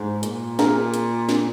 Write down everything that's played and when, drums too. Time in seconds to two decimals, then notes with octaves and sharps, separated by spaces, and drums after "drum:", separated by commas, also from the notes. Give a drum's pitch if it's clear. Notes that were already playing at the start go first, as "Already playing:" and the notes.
Already playing: G#2
0.23 A#2, drum: hi-hat
0.59 G#4 A#4, drum: snare
0.94 drum: hi-hat
1.29 drum: snare